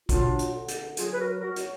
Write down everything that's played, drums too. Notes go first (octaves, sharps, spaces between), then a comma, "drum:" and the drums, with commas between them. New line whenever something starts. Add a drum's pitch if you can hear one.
F#3 D4 F4, drum: kick A#1, hi-hat
drum: hi-hat
D3
drum: hi-hat
F#3 F4 G#4, drum: hi-hat
B4
F#4 A#4
F#3 F#4 A#4
drum: hi-hat